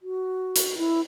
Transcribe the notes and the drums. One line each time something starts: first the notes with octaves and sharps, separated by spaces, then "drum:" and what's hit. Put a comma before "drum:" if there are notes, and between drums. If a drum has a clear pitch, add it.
F#4
drum: hi-hat
E4